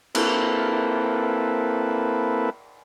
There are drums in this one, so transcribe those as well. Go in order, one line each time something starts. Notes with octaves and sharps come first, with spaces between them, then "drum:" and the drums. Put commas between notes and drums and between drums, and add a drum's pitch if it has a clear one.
A#3 C4 E4 A4 B4, drum: cymbal